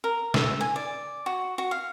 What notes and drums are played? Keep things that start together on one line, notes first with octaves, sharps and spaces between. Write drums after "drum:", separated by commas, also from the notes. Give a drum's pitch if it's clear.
A#4
A4, drum: snare
G#5
D5
F#4
F#4
F5